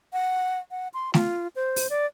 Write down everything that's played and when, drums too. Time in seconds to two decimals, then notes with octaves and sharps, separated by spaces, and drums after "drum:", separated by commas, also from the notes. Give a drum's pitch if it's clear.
0.13 F#5
0.71 F#5
0.94 C6
1.14 F4, drum: snare A3
1.56 C5
1.76 drum: open hi-hat
1.90 D5